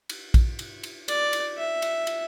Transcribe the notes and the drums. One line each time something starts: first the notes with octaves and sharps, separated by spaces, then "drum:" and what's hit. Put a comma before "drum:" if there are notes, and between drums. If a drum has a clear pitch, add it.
drum: cymbal
drum: kick A#1, cymbal
drum: cymbal
drum: cymbal
D5, drum: cymbal
drum: cymbal
E5
drum: cymbal
drum: cymbal